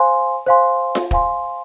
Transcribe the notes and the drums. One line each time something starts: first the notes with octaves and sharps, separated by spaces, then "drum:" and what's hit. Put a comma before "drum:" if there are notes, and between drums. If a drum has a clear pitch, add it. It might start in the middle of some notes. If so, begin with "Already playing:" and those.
Already playing: C5 F5 G#5 C6
C5 F5 G#5 C6
drum: snare F4
C5 F5 G#5 C6, drum: kick